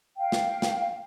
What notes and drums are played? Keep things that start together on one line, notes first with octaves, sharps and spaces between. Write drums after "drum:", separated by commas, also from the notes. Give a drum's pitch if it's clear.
F5 G5
drum: snare
drum: snare